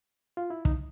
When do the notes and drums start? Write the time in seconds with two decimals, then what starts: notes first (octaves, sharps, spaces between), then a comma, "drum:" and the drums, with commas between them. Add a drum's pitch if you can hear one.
0.37 F4
0.50 E4
0.65 D#4, drum: kick